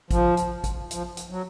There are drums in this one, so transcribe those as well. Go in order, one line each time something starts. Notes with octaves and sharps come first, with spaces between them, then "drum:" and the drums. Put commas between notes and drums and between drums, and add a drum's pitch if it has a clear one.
F3, drum: kick A1, hi-hat
drum: hi-hat
drum: kick A1, hi-hat
F3, drum: hi-hat
drum: hi-hat
F#3